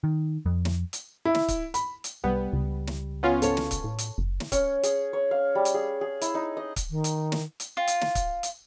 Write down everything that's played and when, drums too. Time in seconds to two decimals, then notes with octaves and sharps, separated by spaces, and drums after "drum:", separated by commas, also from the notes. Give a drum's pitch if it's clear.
0.04 D#3
0.46 F2
0.65 drum: snare
0.93 drum: hi-hat
1.25 E4
1.35 drum: snare
1.48 drum: kick C#1, hi-hat
1.74 B5, drum: hi-hat
2.04 drum: hi-hat
2.24 C2 G3 B3
2.53 C#2
2.87 drum: snare
3.23 B3 C#4 F4
3.42 A4 C#5, drum: hi-hat
3.57 drum: snare
3.71 drum: kick C#1, hi-hat
3.84 A2
3.98 drum: hi-hat
4.18 F#1
4.40 drum: snare
4.52 C#4, drum: kick C#1, hi-hat
4.83 G#4, drum: hi-hat
5.13 C#5
5.31 F5
5.55 G3
5.65 drum: hi-hat
5.74 G#4
6.01 G#4
6.21 E4, drum: hi-hat
6.35 D#4
6.57 D#5
6.76 drum: kick C#1, hi-hat
6.90 D#3
7.04 drum: hi-hat
7.32 drum: snare
7.60 drum: hi-hat
7.77 F4
7.87 drum: hi-hat
8.01 drum: snare
8.15 drum: kick C#1, hi-hat
8.43 drum: hi-hat